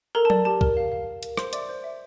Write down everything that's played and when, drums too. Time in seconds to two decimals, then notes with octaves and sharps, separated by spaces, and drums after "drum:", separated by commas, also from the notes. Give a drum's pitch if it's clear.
0.15 A4 A#4 A#5
0.25 A5
0.30 D5, drum: tom F#3
0.45 G4 A5
0.61 A#4, drum: kick
0.77 F5
0.92 F5
1.07 F5
1.23 A#4, drum: hi-hat
1.37 C5 C6, drum: rim click
1.53 D5 E5 D6, drum: hi-hat
1.69 C5
1.84 E5